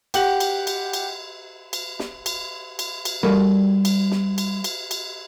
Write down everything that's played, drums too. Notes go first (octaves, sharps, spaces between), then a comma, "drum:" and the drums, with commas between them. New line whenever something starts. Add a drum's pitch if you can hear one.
G4 F#5 F#7, drum: cymbal
drum: cymbal
drum: cymbal
drum: cymbal
drum: cymbal
drum: snare
drum: cymbal
drum: cymbal
drum: cymbal
G3 F#4 A4 A#4 B5
drum: cymbal
drum: snare
drum: cymbal
drum: cymbal
drum: cymbal